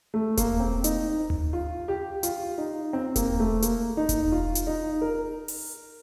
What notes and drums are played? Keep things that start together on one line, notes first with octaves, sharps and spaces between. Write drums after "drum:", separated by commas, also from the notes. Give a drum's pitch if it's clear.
A3
A#3, drum: kick E1, hi-hat
C4
D#4, drum: hi-hat
drum: tom D2
F4
G4
F4, drum: hi-hat
D#4
C4
A#3, drum: kick E1, hi-hat
A3
A#3, drum: hi-hat
D#4
drum: kick E1, hi-hat
F4
drum: hi-hat
D#4
A#4
drum: open hi-hat